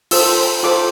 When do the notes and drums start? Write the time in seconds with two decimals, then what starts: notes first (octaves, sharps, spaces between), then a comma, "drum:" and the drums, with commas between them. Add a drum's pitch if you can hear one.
0.11 F4 A4 C5 E6, drum: open hi-hat
0.63 F4 A4 C5 D6